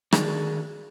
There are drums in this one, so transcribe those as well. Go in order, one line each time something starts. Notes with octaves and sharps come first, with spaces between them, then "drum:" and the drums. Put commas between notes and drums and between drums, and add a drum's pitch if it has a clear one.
D3 D#3 D4 F#4 G#4, drum: rim click